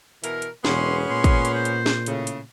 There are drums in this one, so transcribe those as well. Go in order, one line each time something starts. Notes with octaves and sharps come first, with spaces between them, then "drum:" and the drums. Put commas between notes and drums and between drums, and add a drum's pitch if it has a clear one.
B2 E3 A#4, drum: hi-hat
drum: hi-hat
E1 G#3 B3 C#4 C6, drum: snare
A#2 C6
drum: kick, hi-hat
drum: hi-hat
C5
drum: hi-hat
drum: snare
A2 C#3, drum: hi-hat
drum: hi-hat